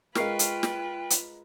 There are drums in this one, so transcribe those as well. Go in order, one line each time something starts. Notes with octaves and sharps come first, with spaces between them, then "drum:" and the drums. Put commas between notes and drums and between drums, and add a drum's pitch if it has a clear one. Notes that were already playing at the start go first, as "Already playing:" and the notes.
G#3 F4 A#4 B4 F5 G5 C#6 F6, drum: snare
drum: hi-hat
drum: snare
drum: hi-hat